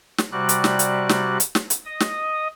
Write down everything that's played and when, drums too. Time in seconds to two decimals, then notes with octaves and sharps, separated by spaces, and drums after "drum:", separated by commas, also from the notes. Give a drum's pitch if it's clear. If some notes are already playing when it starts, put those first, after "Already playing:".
0.18 drum: snare
0.32 C3 G3 F#4 D5 F#6
0.49 drum: hi-hat
0.64 drum: snare
0.79 drum: hi-hat
1.09 drum: snare
1.40 drum: hi-hat
1.55 drum: snare
1.70 drum: hi-hat
1.85 D#5 D#6
2.00 drum: snare